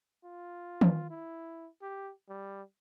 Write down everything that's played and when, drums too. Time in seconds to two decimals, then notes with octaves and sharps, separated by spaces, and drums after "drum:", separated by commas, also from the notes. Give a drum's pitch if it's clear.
0.24 F4
0.81 drum: tom D#3
1.10 E4
1.82 G4
2.29 G3